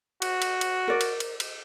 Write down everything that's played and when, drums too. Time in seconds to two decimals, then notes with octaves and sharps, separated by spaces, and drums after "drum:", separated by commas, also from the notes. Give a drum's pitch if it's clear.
0.22 F#4, drum: cymbal
0.42 drum: cymbal
0.61 drum: cymbal
0.88 A#4 D5
1.01 drum: cymbal
1.20 drum: cymbal
1.40 drum: cymbal